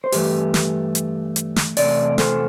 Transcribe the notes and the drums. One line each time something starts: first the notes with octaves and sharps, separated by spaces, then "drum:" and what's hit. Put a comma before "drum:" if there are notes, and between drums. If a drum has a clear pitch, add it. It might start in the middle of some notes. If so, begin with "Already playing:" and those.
C5
G2 E3 A3 G4 B4, drum: open hi-hat
drum: snare
drum: hi-hat
drum: hi-hat
drum: snare
E2 C3 A3 D5, drum: open hi-hat
A4 C5, drum: snare